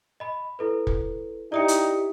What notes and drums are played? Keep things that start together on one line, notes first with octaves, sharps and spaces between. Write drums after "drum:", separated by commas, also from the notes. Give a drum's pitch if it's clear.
D#5 B5
E4 A4 B4
drum: kick
D#4 E4 G4 D5 D#6 C#7
drum: hi-hat